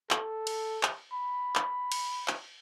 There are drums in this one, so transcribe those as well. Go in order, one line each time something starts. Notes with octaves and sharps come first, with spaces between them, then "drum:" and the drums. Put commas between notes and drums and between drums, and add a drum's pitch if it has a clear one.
A4, drum: clap
drum: cymbal
drum: clap
B5
drum: clap
drum: cymbal
drum: clap